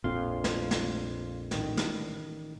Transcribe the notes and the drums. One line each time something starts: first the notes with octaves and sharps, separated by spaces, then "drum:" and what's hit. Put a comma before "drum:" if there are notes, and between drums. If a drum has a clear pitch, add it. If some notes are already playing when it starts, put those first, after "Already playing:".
A#1 F2 F5 C6
drum: snare
drum: snare
A1 D#3, drum: snare
drum: snare